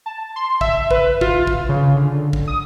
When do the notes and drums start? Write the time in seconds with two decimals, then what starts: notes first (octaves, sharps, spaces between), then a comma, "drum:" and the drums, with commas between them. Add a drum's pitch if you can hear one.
0.06 A5
0.36 C6
0.61 E5, drum: kick
0.91 B4, drum: kick
1.21 F4, drum: kick
1.47 drum: kick
1.69 C#3
1.96 D3
2.33 drum: kick
2.48 D#6